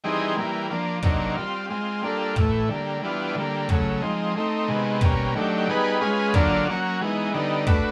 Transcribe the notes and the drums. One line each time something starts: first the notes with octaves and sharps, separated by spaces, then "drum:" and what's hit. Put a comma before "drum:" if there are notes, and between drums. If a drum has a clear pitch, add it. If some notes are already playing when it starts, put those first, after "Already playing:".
E3 G3 C4 D#4 G#4
E3 G3 A#3
F3 A#3 D4
C3 D#3 F#3 A#3 D4, drum: kick
G3 C4 F4
G#3 C4 F4
G3 A#3 D4 F4 A4
A2 E3 A3, drum: kick
D3 G3 A#3
E3 G3 B3 D4 F4
D3 G3 A#3
C#3 F#3 A3, drum: kick
F3 G#3 C4 D#4
A3 C4 D#4
C3 D#3 G#3 B3
B2 G3 A#3 C#4, drum: kick
D#3 F#3 A3 D4 G4
G3 B3 D#4 G#4 B4
G#3 C#4 F4 G#4 B4
D3 F#3 A#3 D4 F4, drum: kick
F#3 A#3 C#4 F#4
E3 G#3 B3 D#4
D3 G3 B3 D#4
A3 D4 F#4 B4, drum: kick